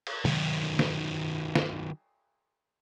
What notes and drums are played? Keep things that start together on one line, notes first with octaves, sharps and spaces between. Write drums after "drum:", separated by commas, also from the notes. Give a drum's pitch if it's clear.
drum: cymbal
D#3 F#3, drum: tom
drum: snare
drum: snare